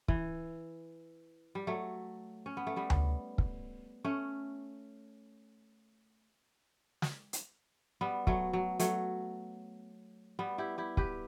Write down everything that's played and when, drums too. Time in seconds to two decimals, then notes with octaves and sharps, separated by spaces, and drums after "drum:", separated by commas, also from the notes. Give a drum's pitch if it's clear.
0.08 E3, drum: kick
1.55 G3
1.67 F#3 A3
2.46 C#4
2.57 B3
2.67 A3
2.76 G3 B3
2.90 drum: tom D2
3.38 drum: kick
4.04 A3 C#4
7.02 drum: snare
7.33 drum: hi-hat
8.01 G3 B3
8.27 F#3 A3, drum: kick
8.53 F#3
8.79 F#3 A3, drum: hi-hat
10.39 G3 B3
10.58 E4 G4
10.78 E4 G4
10.97 G4 B4, drum: kick